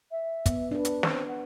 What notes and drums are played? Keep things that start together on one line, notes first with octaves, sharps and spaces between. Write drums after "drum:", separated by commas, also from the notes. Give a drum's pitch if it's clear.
E5
B3, drum: kick, hi-hat
D4 B4
drum: hi-hat
C4, drum: snare
F#5